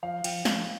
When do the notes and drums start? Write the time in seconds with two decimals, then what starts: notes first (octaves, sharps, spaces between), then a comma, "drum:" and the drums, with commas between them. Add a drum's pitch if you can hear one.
0.03 F3 F5
0.24 F3 G5, drum: cymbal
0.45 F3, drum: snare